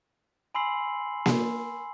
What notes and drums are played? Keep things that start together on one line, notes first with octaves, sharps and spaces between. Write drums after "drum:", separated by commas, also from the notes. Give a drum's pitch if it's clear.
G#5 B5 C6 E6 C7 F#7
drum: snare A#3